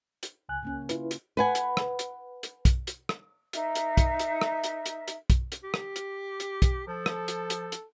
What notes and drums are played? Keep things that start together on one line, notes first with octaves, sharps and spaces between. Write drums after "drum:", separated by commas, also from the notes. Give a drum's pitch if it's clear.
drum: hi-hat
C#2 G#5 F#6
C#3 A#3 C#4
E4 F4 B4, drum: hi-hat
drum: hi-hat
B4 F#5 G#5
drum: hi-hat
drum: rim click
drum: hi-hat
drum: hi-hat
drum: kick, hi-hat
drum: hi-hat
drum: rim click
D#4 A#4 E5, drum: hi-hat
drum: hi-hat
drum: kick, hi-hat
drum: hi-hat
drum: rim click
drum: hi-hat
drum: hi-hat
drum: hi-hat
drum: kick, hi-hat
drum: hi-hat
G4
drum: rim click
drum: hi-hat
drum: hi-hat
drum: kick, hi-hat
F3 A4
drum: rim click
drum: hi-hat
drum: hi-hat
drum: hi-hat